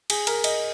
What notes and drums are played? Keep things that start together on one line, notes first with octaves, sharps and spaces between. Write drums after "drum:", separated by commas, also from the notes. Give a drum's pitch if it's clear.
G#4, drum: cymbal
A#4, drum: cymbal
D#5, drum: cymbal